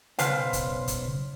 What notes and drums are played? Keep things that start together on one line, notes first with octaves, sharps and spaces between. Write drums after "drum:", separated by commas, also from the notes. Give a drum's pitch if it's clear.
B1 C#3 B4 C5 F5, drum: hi-hat
drum: kick, hi-hat
drum: kick, hi-hat